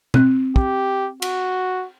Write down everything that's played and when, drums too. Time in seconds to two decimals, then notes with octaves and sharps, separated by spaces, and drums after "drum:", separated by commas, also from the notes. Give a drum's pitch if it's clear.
0.14 C4 F#6, drum: tom
0.56 G4, drum: kick
1.22 F#4, drum: cymbal